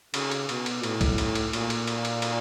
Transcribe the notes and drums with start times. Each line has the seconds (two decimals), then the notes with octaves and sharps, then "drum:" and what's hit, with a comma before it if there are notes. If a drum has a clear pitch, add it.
0.14 C#3, drum: cymbal
0.31 drum: cymbal
0.49 B2, drum: cymbal
0.66 drum: cymbal
0.83 A2, drum: cymbal
1.01 drum: kick, cymbal
1.18 drum: cymbal
1.35 drum: cymbal
1.53 A#2, drum: cymbal
1.70 drum: cymbal
1.87 drum: cymbal
2.05 drum: cymbal
2.22 drum: cymbal